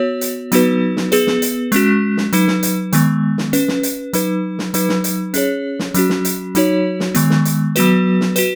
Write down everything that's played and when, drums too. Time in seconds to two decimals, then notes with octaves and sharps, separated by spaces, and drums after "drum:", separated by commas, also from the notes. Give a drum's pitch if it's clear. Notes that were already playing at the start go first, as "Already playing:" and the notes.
Already playing: B3 F#4 C#5
0.21 drum: hi-hat
0.52 F#3 B3 D#4 F#4 B4, drum: hi-hat
0.97 drum: snare
1.12 B3 G#4 B4, drum: hi-hat
1.27 drum: snare
1.42 drum: hi-hat
1.72 G#3 C#4 F#4, drum: hi-hat
2.17 drum: snare
2.33 F#3 D#4 B4, drum: hi-hat
2.48 drum: snare
2.63 drum: hi-hat
2.93 D#3 G#3 B3, drum: hi-hat
3.38 drum: snare
3.53 C#4 B4, drum: hi-hat
3.68 drum: snare
3.83 drum: hi-hat
4.13 F#3 D#4 B4, drum: hi-hat
4.59 drum: snare
4.74 F#3 D#4 B4, drum: hi-hat
4.89 drum: snare
5.04 drum: hi-hat
5.34 C#4 G#4 C#5, drum: hi-hat
5.79 drum: snare
5.94 F#3 C#4 F#4, drum: hi-hat
6.10 drum: snare
6.25 drum: hi-hat
6.55 F#3 D#4 F#4 C#5, drum: hi-hat
7.00 drum: snare
7.15 D#3 G#3 B3, drum: hi-hat
7.30 drum: snare
7.45 drum: hi-hat
7.76 F#3 B3 F#4 B4, drum: hi-hat
8.21 drum: snare
8.36 F#4 B4, drum: hi-hat